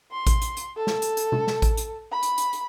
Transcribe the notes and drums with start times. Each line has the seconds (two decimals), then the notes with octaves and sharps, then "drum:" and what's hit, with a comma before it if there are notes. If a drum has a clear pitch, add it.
0.11 C6
0.27 drum: kick, hi-hat
0.42 drum: hi-hat
0.57 drum: hi-hat
0.76 A4
0.87 drum: snare
1.02 drum: hi-hat
1.17 drum: hi-hat
1.32 drum: tom B2
1.47 drum: snare
1.62 drum: kick, hi-hat
1.77 drum: hi-hat
2.12 B5
2.23 drum: hi-hat
2.38 drum: hi-hat
2.53 drum: hi-hat